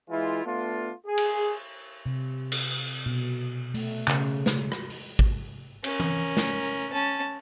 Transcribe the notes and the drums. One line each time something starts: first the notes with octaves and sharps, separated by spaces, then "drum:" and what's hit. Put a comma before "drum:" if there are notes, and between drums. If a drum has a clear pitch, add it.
E3 G#3 E4 F4
A3 B3 D4 F4
G#4
drum: cymbal
C3
drum: cymbal
B2
A3, drum: open hi-hat
C#3, drum: clap
drum: snare
drum: rim click
drum: open hi-hat
drum: kick
C#4 A#4, drum: cymbal
drum: tom E3
drum: snare
C#4 A5